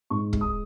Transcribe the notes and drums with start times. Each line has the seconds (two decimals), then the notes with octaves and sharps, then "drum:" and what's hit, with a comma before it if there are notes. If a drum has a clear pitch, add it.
0.10 G#2 C#6
0.33 G#3, drum: kick
0.41 D#6